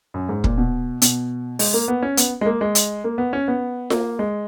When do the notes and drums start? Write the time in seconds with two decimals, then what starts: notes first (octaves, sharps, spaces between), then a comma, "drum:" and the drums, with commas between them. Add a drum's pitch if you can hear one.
0.14 F#2
0.29 G#2
0.44 A#2, drum: kick
0.58 B2
1.02 B2, drum: hi-hat
1.59 G#3, drum: open hi-hat
1.74 A#3
1.88 B3
2.03 C#4
2.17 B3, drum: hi-hat
2.41 G#3
2.46 A#3
2.61 G#3
2.75 drum: hi-hat
3.04 A#3
3.18 B3
3.33 C#4
3.48 B3
3.90 A#3, drum: snare F4
4.19 G#3